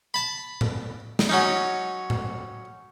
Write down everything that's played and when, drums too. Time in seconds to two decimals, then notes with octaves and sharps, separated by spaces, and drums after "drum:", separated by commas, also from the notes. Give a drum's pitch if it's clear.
0.14 A5 B5
0.61 drum: tom A2
1.19 drum: snare
1.29 F#3 C#4 D#4
2.10 drum: tom A2